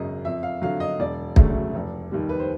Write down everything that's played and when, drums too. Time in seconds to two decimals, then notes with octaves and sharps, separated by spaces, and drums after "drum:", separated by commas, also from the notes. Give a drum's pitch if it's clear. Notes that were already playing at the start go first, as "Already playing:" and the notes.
Already playing: G#1 F#2 C#3 D#5
0.25 F2 E5
0.43 F5
0.62 D3 F#3 F5
0.80 D#5
1.00 E1 D5
1.36 D2 C#3 F#3 A3, drum: kick
1.75 F1
2.12 D#2 D#3 G3
2.29 B4
2.39 C5